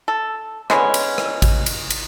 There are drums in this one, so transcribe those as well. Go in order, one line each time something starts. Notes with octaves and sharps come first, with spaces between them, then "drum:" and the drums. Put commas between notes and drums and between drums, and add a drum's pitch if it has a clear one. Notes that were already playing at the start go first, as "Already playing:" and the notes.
A4
D3 G#3 B3 C#4, drum: rim click
drum: cymbal
drum: rim click
drum: kick G#1, cymbal
drum: cymbal
drum: cymbal